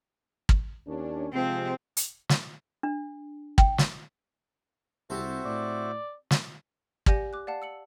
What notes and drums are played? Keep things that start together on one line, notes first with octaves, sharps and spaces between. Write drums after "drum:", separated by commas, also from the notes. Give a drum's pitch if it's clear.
drum: kick
D#2 C#4 D4
C3 F3 G#3 C4
drum: hi-hat
drum: snare
D4
G5, drum: kick
drum: snare
C2 C4 F#4 G4 A4 C5 E5
A2 D5
drum: snare
G4 D5 F#5 G#5 G6 A#6, drum: kick
D6 F#6
D5 F5 F#5 A5
E6 C#7 F#7